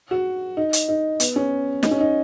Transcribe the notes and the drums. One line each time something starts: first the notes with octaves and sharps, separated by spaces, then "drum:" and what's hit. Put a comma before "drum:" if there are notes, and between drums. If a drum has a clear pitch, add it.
F#4
D#4
drum: hi-hat
D#4
B3, drum: hi-hat
C#4
D#4, drum: snare
C#4
D#4